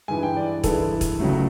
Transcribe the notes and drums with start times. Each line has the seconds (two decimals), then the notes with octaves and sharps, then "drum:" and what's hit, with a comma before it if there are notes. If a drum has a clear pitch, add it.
0.08 G2 E3 G#3 G#5
0.23 G5
0.37 D5
0.64 G2 E3 G#3 A4, drum: kick E1, hi-hat
1.01 drum: kick E1, hi-hat
1.20 C#2 C#3 F#3 A3